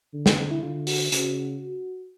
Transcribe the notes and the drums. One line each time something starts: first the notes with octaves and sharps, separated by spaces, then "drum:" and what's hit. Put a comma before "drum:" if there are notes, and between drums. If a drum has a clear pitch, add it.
D3
B3, drum: snare
C4
E4
D3 F4
F#4, drum: open hi-hat
C#3 F#4, drum: hi-hat